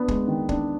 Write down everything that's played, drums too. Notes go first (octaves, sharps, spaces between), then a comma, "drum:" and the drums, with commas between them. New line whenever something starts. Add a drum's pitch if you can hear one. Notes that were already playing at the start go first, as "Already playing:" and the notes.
Already playing: B3 D4
G#3, drum: kick
D#3
D4, drum: kick